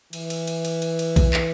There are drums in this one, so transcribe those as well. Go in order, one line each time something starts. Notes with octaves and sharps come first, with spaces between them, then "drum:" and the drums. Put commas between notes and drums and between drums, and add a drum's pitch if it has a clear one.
E3, drum: cymbal
drum: cymbal
drum: cymbal
drum: cymbal
drum: cymbal
drum: cymbal
drum: kick A#1, cymbal
drum: clap